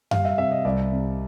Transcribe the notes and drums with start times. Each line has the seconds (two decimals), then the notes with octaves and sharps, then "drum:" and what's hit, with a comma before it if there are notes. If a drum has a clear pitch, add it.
0.11 G3 F5, drum: tom F#2
0.25 E5
0.38 C3 E5
0.52 D#5
0.65 C2 D5
0.92 C3